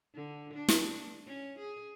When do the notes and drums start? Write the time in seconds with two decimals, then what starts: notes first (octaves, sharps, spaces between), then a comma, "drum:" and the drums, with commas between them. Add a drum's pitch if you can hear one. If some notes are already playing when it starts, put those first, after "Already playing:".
0.14 D3
0.54 D4
0.69 drum: snare
1.27 C#4
1.59 G#4